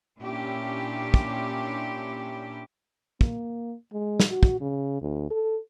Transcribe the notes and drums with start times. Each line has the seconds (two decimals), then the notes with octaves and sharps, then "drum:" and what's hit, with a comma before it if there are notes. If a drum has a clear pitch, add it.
0.19 A#2 C#4 D4 E4 G4
1.14 drum: kick
3.21 A#3, drum: kick
3.93 G#3
4.20 drum: snare
4.30 F#4
4.43 drum: kick
4.61 C#3
5.02 D2
5.31 A4